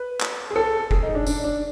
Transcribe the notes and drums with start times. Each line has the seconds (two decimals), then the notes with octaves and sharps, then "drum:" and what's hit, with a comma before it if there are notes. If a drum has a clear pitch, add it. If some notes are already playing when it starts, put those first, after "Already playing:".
Already playing: B4
0.21 drum: clap
0.51 G#4
0.56 A4
0.91 G#4, drum: kick F#1
1.03 D#4
1.15 D4
1.27 D4, drum: tambourine
1.44 D4